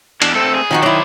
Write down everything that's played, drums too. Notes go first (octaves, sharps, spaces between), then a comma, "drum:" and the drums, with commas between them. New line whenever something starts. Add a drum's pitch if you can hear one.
E2 D4, drum: cymbal
A3 C4 A4
G#4
D#3 F3 D#4 F#4
F#3 E4 C5 D5